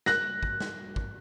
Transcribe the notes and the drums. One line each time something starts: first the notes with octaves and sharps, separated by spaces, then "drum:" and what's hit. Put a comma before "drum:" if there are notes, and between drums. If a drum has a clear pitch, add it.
F#6 A#6, drum: snare
drum: kick
drum: snare
drum: kick